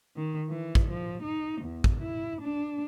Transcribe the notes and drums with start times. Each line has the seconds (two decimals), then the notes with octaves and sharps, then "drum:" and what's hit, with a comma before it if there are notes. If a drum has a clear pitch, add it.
0.17 D#3
0.50 E3
0.75 drum: kick
0.90 F3
1.23 D#4
1.62 E2
1.84 drum: kick
2.02 E4
2.42 D4